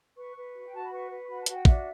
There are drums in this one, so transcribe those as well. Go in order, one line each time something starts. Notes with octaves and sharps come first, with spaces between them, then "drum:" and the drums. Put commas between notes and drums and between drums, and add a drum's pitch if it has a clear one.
B4 C#6
B4
F#4
G5
F#4 A5
B5
B4 C#6
B4
F#4 B5
A5
F#4, drum: hi-hat
G5
D4 E5, drum: kick